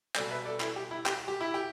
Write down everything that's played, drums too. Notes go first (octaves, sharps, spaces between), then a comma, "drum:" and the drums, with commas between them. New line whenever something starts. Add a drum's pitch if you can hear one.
B2 G3 A4 D5, drum: clap
B4 E5
A4 D5
E4 A4, drum: clap
G4
E4
G4, drum: clap
G4
E4
G4